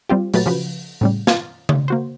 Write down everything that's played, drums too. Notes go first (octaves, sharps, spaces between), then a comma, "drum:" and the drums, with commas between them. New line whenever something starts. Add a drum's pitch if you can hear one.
G3 C4 F4 G4
A#2 F#3 A3 G4 B4 A6, drum: open hi-hat
C#3 F3 F#4 B4
A2 C#3 G3
F5 C6 F6 G#6 A6, drum: snare
drum: tom C#3
A#3 F#4 C5